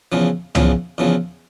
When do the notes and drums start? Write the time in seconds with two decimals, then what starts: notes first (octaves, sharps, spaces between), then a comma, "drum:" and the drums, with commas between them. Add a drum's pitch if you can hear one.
0.12 E2 C#3 F3
0.55 E2 C#3 F3, drum: tom
0.98 E2 C#3 F3